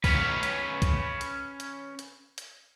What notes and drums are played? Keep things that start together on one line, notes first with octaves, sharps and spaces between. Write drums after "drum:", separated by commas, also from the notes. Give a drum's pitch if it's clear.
C#4 B4, drum: kick, open hi-hat
drum: hi-hat
drum: kick, hi-hat
drum: hi-hat
drum: hi-hat
drum: hi-hat
drum: hi-hat